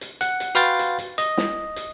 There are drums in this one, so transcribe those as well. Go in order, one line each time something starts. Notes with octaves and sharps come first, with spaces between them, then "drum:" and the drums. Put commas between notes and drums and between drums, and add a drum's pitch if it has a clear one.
drum: hi-hat
F#5, drum: hi-hat
drum: hi-hat
F#4 B4 F5 G5 C6 A6
drum: hi-hat
drum: hi-hat
D#5, drum: hi-hat
drum: snare
drum: hi-hat